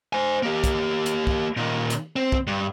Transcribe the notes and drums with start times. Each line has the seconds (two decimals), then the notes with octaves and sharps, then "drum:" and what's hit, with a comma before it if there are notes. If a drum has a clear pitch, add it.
0.13 C5 G#5
0.43 A#3 G4
0.64 drum: kick, hi-hat
1.06 drum: hi-hat
1.27 drum: kick
1.57 A#2 D#3
1.90 drum: hi-hat
2.16 C4
2.32 drum: kick
2.47 G2